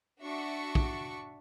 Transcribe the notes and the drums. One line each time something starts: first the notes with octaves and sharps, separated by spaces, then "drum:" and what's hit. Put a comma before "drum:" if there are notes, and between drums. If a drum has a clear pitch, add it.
D4 F#4 E5 C#6
drum: kick